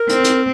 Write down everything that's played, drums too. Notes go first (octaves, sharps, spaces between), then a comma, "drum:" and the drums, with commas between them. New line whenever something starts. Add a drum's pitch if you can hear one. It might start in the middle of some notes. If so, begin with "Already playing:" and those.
Already playing: A#4
C4, drum: hi-hat
drum: hi-hat